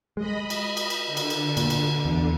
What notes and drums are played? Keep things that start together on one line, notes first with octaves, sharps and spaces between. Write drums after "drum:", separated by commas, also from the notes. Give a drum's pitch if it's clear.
G#3 D#5 B5
drum: cymbal
drum: cymbal
drum: cymbal
D3
drum: cymbal
drum: cymbal
A#2, drum: cymbal
drum: cymbal
E2